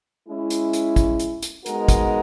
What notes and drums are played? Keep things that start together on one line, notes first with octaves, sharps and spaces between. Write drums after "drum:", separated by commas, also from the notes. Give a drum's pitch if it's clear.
G#3 C#4 E4
drum: hi-hat
drum: hi-hat
drum: kick, hi-hat
drum: hi-hat
drum: hi-hat
G#3 B3 D#4 F#4 A#4, drum: hi-hat
drum: kick, hi-hat